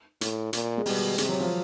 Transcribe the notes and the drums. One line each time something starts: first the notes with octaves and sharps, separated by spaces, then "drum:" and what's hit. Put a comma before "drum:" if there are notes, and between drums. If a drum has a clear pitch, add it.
A2, drum: hi-hat
A#2, drum: hi-hat
G#3
B2 G3, drum: open hi-hat
C3 G#3, drum: hi-hat
F#3
F3